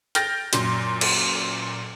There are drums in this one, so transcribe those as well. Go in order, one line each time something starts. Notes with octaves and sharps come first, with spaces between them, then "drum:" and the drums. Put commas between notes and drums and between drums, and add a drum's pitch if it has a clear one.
G5 F6 G6 A6 A#6, drum: hi-hat
F#2 A#2, drum: hi-hat
drum: cymbal